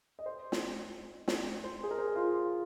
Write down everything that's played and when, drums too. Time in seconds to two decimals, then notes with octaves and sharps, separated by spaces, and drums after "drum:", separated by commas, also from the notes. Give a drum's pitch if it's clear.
0.19 D#5
0.26 C5
0.52 drum: snare
1.28 drum: snare
1.64 C5
1.83 G#4
1.91 A#4
1.98 C5
2.07 G#4
2.16 F4